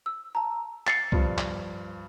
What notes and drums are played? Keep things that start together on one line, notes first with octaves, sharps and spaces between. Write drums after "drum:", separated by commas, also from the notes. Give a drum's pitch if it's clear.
E6
A5 A#5
A6 C7 C#7, drum: clap
G2 F3, drum: kick
drum: clap